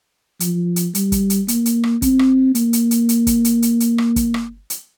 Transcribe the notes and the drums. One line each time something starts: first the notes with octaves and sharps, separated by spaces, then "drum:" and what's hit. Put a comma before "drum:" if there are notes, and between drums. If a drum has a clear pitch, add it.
F3, drum: hi-hat
drum: hi-hat
G3, drum: hi-hat
drum: kick, hi-hat
drum: hi-hat
A#3, drum: hi-hat
drum: hi-hat
drum: rim click
C4, drum: kick, hi-hat
drum: rim click
A#3, drum: hi-hat
drum: hi-hat
drum: hi-hat
drum: hi-hat
drum: kick, hi-hat
drum: hi-hat
drum: hi-hat
drum: hi-hat
drum: rim click
drum: kick, hi-hat
drum: rim click
drum: hi-hat